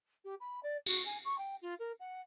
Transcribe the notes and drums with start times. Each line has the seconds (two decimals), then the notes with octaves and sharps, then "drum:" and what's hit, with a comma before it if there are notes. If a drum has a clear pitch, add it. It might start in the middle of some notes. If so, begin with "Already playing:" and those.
0.24 G4
0.40 B5
0.63 D5
0.86 F#4, drum: tambourine
1.05 G#5
1.25 C#6
1.38 G5
1.61 F4
1.79 A#4
2.00 F#5